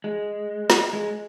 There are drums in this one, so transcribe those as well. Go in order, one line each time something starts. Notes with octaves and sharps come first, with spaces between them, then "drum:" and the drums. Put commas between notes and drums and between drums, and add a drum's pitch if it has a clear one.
G#3
drum: snare
G#3